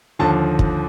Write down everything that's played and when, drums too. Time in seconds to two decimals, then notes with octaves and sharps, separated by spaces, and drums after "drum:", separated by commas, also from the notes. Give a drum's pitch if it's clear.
0.19 D#2 D3 F3 A5
0.59 drum: kick